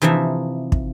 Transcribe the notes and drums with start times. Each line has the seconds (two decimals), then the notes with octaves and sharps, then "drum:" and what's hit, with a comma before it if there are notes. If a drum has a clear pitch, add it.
0.02 C3 E3 F3 D#4 E5
0.72 drum: kick